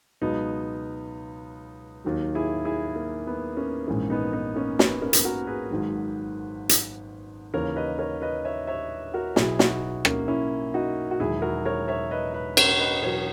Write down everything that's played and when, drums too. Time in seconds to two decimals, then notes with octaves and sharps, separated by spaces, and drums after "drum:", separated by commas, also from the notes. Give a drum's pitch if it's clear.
0.21 C#2 B2 F#3 B3 D#4
2.05 D#2 D#3 F#3
2.35 E4 G#4
2.65 E4 G#4
2.96 A#3
3.27 B3
3.57 A#3 C#4
3.87 A#1 G#2 E3 A#3 C#4
4.10 B3 D#4
4.33 B3 D#4
4.56 A#3 C#4
4.79 B3, drum: snare
5.02 A#3 C#4
5.13 drum: hi-hat
5.25 F#4 A#4
5.47 G#4 B4
5.70 G#1 G#2 D#3 F#3
6.69 drum: hi-hat
7.54 D#2 C#3 E3 A#4 C#5
7.76 B4 D#5
7.99 A#4 C#5
8.22 B4 D#5
8.45 C#5 E5
8.67 C#5 E5
9.14 F#4 A#4
9.36 B1 B2 F#3 E4 G#4, drum: snare
9.59 D#4 F#4, drum: snare
10.05 A#3 C#4, drum: rim click
10.28 C#4 E4
10.74 D#4 F#4
11.11 F#4
11.20 E1 E2 D#3 F#3 E4 G#4
11.42 F#4 A#4
11.65 A#4 C#5
11.88 C#5 E5
12.11 B4 D#5
12.33 B4 D#5
12.57 A#4 C#5, drum: cymbal
12.79 B4 D#5
13.02 E2 B2 F#3 A#4 C#5